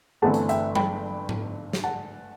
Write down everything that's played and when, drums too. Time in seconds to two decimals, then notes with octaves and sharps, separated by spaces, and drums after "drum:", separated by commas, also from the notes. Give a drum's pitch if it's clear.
0.22 G1 G2 E3 A3 C4 F#5 A5
0.34 drum: hi-hat
0.49 E5 G5, drum: hi-hat
0.75 G5 B5, drum: tom F#3
1.29 drum: tom G#2
1.73 drum: snare
1.84 F#5 A5